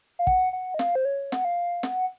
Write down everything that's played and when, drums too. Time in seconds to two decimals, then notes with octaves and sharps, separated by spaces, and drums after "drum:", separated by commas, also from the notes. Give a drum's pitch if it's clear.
0.19 F5
0.27 F#5, drum: kick
0.53 F#5
0.74 D#5
0.79 F5, drum: snare
0.95 C5
1.05 C#5
1.32 F#5, drum: snare
1.45 F5
1.83 F#5, drum: snare